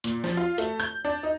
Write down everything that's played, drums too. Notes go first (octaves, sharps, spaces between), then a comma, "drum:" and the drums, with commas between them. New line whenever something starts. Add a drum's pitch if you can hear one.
A#2, drum: hi-hat
F3, drum: snare
F4
A3, drum: hi-hat
G6, drum: hi-hat
D4
D#4